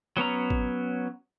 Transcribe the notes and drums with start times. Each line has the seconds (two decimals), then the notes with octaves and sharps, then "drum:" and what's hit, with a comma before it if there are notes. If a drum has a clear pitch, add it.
0.17 F#3 B3 C#4 A#5
0.50 drum: kick G#1